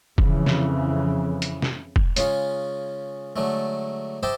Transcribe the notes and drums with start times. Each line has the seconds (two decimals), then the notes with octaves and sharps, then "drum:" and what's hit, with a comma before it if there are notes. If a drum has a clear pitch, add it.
0.18 F2 C#3 E3, drum: kick E1
0.46 drum: snare
1.42 drum: hi-hat
1.62 drum: snare
1.96 drum: kick E1
2.16 C#3 G#3 C#4 F4 G#4, drum: hi-hat
3.36 D3 F#3 G#3 A3
4.23 G4 C5 D#5 E5 G5 A5